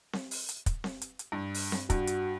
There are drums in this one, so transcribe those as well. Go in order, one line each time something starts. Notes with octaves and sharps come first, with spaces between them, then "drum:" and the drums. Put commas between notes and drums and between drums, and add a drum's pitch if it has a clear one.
drum: snare C4
drum: open hi-hat
drum: hi-hat
drum: kick, hi-hat
drum: snare C4
drum: hi-hat
drum: hi-hat
G2
drum: open hi-hat
drum: snare C4
G2 F#4, drum: kick, hi-hat
drum: hi-hat